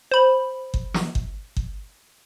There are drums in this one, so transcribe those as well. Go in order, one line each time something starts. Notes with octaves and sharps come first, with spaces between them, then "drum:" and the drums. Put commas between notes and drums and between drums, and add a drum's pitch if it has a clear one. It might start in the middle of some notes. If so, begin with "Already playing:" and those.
C5 B5
drum: kick G1
drum: snare
drum: kick G1
drum: kick G1